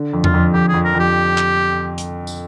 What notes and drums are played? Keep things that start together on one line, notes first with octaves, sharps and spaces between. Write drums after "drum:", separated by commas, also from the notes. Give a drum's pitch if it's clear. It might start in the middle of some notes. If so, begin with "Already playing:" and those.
Already playing: D3
F2
F4, drum: tom E2
F2
F2 G4
F2 G#4
A#4
F2
G4
drum: clap
drum: hi-hat
drum: tambourine